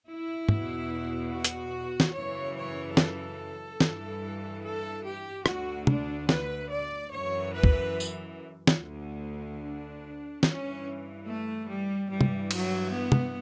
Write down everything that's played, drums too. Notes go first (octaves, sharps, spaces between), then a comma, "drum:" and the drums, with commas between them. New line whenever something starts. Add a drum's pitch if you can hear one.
E4
E2 B2, drum: tom
F#4
drum: hi-hat
drum: snare
F#2 C#3 E3 C#5
C#5
A4, drum: snare
G2 E3, drum: snare
A4
G4
D2 D3 F#4, drum: rim click
D4, drum: tom
B4, drum: snare
D5
F#2 E3 C#5
B4
drum: kick
drum: tambourine
drum: snare
D2 D3
D4
G2 E3 C#4, drum: snare
A3
G3
G2 E3 G3
drum: tom
F#3, drum: cymbal
B3
drum: tom